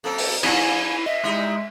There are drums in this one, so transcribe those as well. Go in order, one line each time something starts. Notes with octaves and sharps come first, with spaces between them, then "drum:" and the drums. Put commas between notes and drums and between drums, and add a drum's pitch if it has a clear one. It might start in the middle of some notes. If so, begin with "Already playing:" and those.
F#2 A#3 C4 A4
drum: open hi-hat
F3 E4 G#4 D5 G#5, drum: cymbal
D#5 E5
G3 G#3 D#4 E4